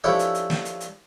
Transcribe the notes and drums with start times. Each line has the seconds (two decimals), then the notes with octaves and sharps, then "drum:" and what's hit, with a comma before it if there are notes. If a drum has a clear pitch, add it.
0.04 F3 C#4 D4 E4 G4 A4
0.19 drum: hi-hat
0.34 drum: hi-hat
0.50 drum: snare
0.65 drum: hi-hat
0.80 drum: hi-hat